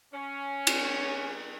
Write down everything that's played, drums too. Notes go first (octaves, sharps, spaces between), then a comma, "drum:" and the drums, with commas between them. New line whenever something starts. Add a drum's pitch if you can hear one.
C#4
drum: cymbal